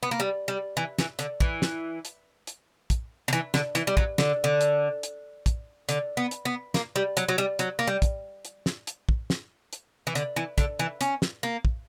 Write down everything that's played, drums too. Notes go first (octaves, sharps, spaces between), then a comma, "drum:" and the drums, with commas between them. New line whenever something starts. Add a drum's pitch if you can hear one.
B3
A#3
G3
G3
E3
E3, drum: snare
D3, drum: hi-hat
E3, drum: kick
drum: snare
drum: hi-hat
drum: hi-hat
drum: kick, hi-hat
D3
E3, drum: hi-hat
D3, drum: snare
E3, drum: hi-hat
G3
F#3, drum: kick
D3, drum: snare
D3
drum: hi-hat
drum: hi-hat
drum: kick, hi-hat
D3, drum: hi-hat
B3
drum: hi-hat
B3
A#3, drum: snare
G3
F#3, drum: hi-hat
F#3
G3
F#3, drum: hi-hat
A#3
G3
drum: kick, hi-hat
drum: hi-hat
drum: snare
drum: hi-hat
drum: kick
drum: snare
drum: hi-hat
E3
D3, drum: hi-hat
E3
D3, drum: kick, hi-hat
E3
C#4, drum: hi-hat
drum: snare
A#3
drum: kick